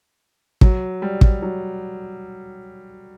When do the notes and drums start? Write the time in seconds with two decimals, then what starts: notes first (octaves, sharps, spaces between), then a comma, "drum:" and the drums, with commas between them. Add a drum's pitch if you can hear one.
0.61 F#3, drum: kick
1.02 G3
1.21 drum: kick
1.42 F#3